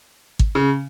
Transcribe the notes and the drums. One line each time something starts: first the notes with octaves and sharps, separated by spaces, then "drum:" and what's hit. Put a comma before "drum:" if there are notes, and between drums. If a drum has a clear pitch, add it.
drum: kick
C#3